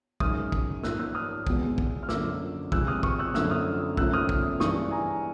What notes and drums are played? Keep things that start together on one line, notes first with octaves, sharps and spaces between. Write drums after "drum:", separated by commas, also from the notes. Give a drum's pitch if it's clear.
F#2 D#3 G#3 D#6 F6, drum: kick
drum: kick
G#2 F3 A#3 E6 F#6, drum: snare
E6 F#6
D#6 F6
E2 B2 G#3, drum: kick
drum: kick
F6
F#2 D3 F3 A#3 D6 E6, drum: snare
F2 C3 F3 G#3 E6 F#6, drum: kick
D#6 F6
C#6 D#6, drum: kick
E6 F#6
F#2 D3 F3 A3 E6 F#6, drum: snare
D#6 F6
F#2 C#3 F3 A3 E6 F#6, drum: kick
D#6 F6
drum: kick
G2 E3 G#3 C#6 D#6, drum: snare
G#5 A#5